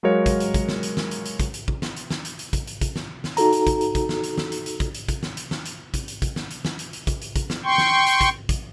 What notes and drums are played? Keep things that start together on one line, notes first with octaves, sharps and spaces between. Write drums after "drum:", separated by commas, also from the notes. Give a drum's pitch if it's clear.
F#3 G#3 F#4 A#4 C#5 F5
drum: kick, hi-hat
drum: hi-hat
drum: kick, hi-hat
drum: snare
drum: hi-hat
drum: snare
drum: hi-hat
drum: hi-hat
drum: kick, hi-hat
drum: hi-hat
drum: kick
drum: snare
drum: hi-hat
drum: snare
drum: hi-hat
drum: hi-hat
drum: kick, hi-hat
drum: hi-hat
drum: kick, hi-hat
drum: snare
drum: snare
D#4 F#4 A4 A#5, drum: hi-hat
drum: hi-hat
drum: kick, hi-hat
drum: hi-hat
drum: kick, hi-hat
drum: snare
drum: hi-hat
drum: snare
drum: hi-hat
drum: hi-hat
drum: kick, hi-hat
drum: hi-hat
drum: kick, hi-hat
drum: snare
drum: hi-hat
drum: snare
drum: hi-hat
drum: kick, hi-hat
drum: hi-hat
drum: kick, hi-hat
drum: snare
drum: hi-hat
drum: snare
drum: hi-hat
drum: hi-hat
drum: kick, hi-hat
drum: hi-hat
drum: kick, hi-hat
drum: snare
G5 C6 C#6
drum: snare
drum: hi-hat
drum: kick, hi-hat
drum: kick, hi-hat